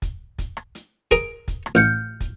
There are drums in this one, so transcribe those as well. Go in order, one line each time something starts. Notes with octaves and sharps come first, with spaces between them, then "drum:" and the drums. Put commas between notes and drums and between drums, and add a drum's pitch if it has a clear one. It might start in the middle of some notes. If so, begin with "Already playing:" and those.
drum: kick, hi-hat
drum: kick, hi-hat
drum: rim click
drum: hi-hat
G#4 A#4 D7, drum: kick, hi-hat
drum: kick, hi-hat
drum: rim click
A1 F6 G6 C#7
drum: kick, hi-hat